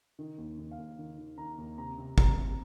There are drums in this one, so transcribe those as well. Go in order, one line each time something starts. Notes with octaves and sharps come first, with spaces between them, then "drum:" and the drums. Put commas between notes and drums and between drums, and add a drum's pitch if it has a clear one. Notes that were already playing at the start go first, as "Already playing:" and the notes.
D#3
D#2
D#2
F5
D#2
D#3
D#3
D#3 A#5
D#2
C3 A#5
C3
C3 A#5, drum: kick G1
C3